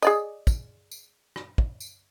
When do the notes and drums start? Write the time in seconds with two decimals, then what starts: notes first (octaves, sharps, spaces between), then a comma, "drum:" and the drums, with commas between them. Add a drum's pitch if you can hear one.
0.02 G#4 D5 D#5, drum: tambourine
0.47 drum: kick, tambourine
0.91 drum: tambourine
1.36 drum: rim click
1.58 drum: kick
1.80 drum: tambourine